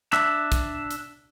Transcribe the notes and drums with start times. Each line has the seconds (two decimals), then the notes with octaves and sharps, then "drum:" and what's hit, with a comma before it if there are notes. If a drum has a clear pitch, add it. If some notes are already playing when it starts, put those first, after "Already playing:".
0.13 D4 E5, drum: clap
0.52 drum: kick, hi-hat
0.91 drum: hi-hat